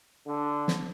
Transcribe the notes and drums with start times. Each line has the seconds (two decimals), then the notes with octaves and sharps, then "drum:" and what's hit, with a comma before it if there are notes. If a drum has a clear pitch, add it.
0.27 D3
0.68 drum: snare